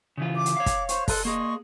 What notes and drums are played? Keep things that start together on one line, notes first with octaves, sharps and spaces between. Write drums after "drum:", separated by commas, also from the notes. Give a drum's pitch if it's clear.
C#3 E3 F4
D6
drum: hi-hat
C#5 F5
drum: kick, hi-hat
C5 C#6, drum: hi-hat
A4 C6 F#6, drum: kick, open hi-hat
A#3 G#4 D#5 C6 C#6